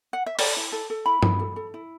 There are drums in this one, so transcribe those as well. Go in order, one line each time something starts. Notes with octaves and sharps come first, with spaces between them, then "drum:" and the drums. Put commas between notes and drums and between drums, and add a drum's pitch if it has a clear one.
F#5
E5
A4 D5, drum: open hi-hat
E4
A4
A4
E4 B5
E4, drum: tom G2
A4
A4
E4